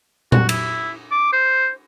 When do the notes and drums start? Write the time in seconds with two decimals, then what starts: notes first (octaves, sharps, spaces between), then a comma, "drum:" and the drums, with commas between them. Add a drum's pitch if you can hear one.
0.32 F#4, drum: tom A#2
0.49 E4, drum: cymbal
1.11 D6
1.33 C5